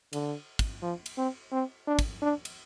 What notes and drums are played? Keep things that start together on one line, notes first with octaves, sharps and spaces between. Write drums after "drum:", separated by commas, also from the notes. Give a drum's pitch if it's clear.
D3, drum: cymbal
drum: kick, cymbal
F3
drum: cymbal
C4
C4
D4
drum: kick, cymbal
D4
drum: cymbal